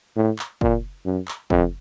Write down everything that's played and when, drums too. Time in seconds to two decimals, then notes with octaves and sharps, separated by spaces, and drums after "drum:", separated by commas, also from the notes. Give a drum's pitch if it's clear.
0.16 A2
0.39 drum: clap
0.61 A#2, drum: kick
1.05 F#2
1.28 drum: clap
1.50 F2, drum: kick